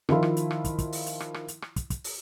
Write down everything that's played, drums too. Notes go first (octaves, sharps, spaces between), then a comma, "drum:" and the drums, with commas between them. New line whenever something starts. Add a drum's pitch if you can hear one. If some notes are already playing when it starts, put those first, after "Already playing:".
D#3 F3 E4 F4, drum: rim click
drum: rim click
drum: hi-hat
drum: rim click
drum: kick, hi-hat
drum: kick, hi-hat
drum: open hi-hat
drum: hi-hat
drum: rim click
drum: rim click
drum: hi-hat
drum: rim click
drum: kick, hi-hat
drum: kick, hi-hat
drum: open hi-hat